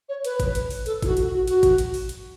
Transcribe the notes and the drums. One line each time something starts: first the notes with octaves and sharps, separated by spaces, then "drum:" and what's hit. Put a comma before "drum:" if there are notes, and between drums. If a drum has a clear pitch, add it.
C#5
B4, drum: hi-hat
drum: kick G#1, hi-hat
drum: hi-hat
drum: open hi-hat
A4, drum: hi-hat
E4, drum: kick G#1, hi-hat
F#4
drum: hi-hat
F#4
F#4, drum: hi-hat
drum: kick G#1, hi-hat
drum: hi-hat
drum: open hi-hat
drum: hi-hat